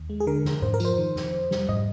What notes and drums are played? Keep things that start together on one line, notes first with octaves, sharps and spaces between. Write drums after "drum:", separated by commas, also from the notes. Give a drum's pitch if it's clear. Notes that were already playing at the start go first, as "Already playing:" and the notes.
Already playing: D#2
G#3
G#4
D3 A#4
F2, drum: snare
F2 C5, drum: tom G#2
A#4
F3 C5, drum: tambourine
D#3
F2, drum: snare
F2
G3, drum: snare
D#5, drum: tom G#2